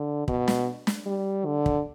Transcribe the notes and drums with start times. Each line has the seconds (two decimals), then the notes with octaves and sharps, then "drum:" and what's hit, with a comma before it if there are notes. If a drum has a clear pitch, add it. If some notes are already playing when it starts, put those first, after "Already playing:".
Already playing: D3
0.28 B2, drum: kick
0.48 drum: snare
0.87 drum: snare
1.06 G3
1.46 D3
1.66 drum: kick